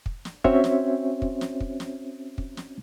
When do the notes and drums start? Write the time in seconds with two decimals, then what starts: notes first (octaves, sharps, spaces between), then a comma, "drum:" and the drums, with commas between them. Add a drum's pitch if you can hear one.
0.06 drum: kick
0.25 drum: snare
0.44 C4 C#4 F#4 C5 C#5 E5, drum: kick
0.64 drum: snare
1.22 drum: kick
1.41 drum: snare
1.60 drum: kick
1.80 drum: snare
2.38 drum: kick
2.57 drum: snare